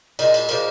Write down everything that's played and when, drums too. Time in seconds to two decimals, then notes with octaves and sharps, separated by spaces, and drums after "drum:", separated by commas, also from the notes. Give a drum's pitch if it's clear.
0.19 A#2 F3 G#3 D#4, drum: cymbal
0.34 drum: cymbal
0.49 A#2 F3 G#3 A#3, drum: cymbal